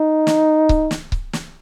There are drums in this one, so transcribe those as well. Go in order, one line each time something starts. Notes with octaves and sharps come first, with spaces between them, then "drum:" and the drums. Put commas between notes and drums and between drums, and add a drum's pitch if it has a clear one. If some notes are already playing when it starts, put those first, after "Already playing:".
Already playing: D#4
drum: snare
drum: kick C#1
drum: snare
drum: kick C#1
drum: snare